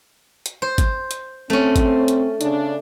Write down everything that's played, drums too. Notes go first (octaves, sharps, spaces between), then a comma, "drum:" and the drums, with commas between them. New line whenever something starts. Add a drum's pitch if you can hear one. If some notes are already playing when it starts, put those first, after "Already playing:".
drum: hi-hat
C5
drum: kick, hi-hat
drum: hi-hat
A3 C4 C#4
drum: kick, hi-hat
drum: hi-hat
C#3 D4, drum: hi-hat